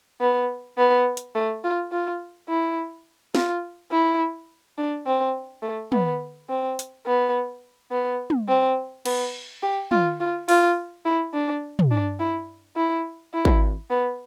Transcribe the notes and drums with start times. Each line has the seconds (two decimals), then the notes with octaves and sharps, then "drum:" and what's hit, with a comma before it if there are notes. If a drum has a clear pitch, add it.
0.21 B3
0.78 B3
1.17 drum: hi-hat
1.35 A3
1.64 F4
1.92 F4
2.49 E4
3.35 F4, drum: snare
3.91 E4
4.78 D4
5.06 C4
5.62 A3
5.92 B3, drum: tom
6.49 C4
6.79 drum: hi-hat
7.06 B3
7.91 B3
8.30 drum: tom
8.48 C4
9.05 B3, drum: cymbal
9.63 G4
9.91 F4, drum: tom
10.20 F4
10.49 F4, drum: open hi-hat
11.05 E4
11.33 D4
11.79 drum: tom
11.91 D4
12.20 E4
12.76 E4
13.33 E4
13.45 drum: kick G#1
13.90 B3